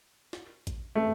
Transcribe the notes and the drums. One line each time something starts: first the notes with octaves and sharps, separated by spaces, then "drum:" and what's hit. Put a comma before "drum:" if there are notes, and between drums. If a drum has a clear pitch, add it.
drum: snare
drum: kick A1, hi-hat
A3